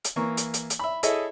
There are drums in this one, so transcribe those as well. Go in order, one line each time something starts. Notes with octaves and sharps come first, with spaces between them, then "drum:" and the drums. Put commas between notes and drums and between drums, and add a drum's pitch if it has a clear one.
drum: hi-hat
E3 A#3 C#6
drum: hi-hat
drum: hi-hat
drum: hi-hat
E5 B5
E4 G#4 A4 C#5 D#5 E5, drum: hi-hat